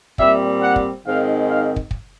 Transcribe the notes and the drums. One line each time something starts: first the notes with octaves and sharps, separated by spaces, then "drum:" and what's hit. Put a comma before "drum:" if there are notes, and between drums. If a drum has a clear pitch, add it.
A#2 G3 C4 E5, drum: kick
F#5
drum: kick
G#2 D#3 G#3 C4 F5
F5
drum: kick
drum: kick